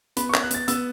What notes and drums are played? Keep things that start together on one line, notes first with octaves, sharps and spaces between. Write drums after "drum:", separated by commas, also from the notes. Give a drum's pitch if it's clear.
B3 B5, drum: hi-hat
C#6
B3, drum: clap
F#6
B3 A6, drum: hi-hat
B3 E6, drum: hi-hat